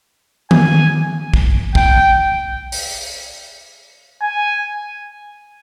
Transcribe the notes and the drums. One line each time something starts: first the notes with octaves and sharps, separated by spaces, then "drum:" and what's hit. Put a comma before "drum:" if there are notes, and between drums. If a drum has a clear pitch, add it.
G#5, drum: tom D#3
drum: kick
G5, drum: kick
drum: open hi-hat
G#5